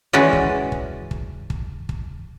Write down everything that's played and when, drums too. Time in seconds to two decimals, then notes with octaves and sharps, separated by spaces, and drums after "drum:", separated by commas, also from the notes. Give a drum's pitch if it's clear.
0.13 E3 G#3 C#4 F#4 B4 D5
0.33 drum: kick
0.72 drum: kick
1.11 drum: kick
1.50 drum: kick
1.89 drum: kick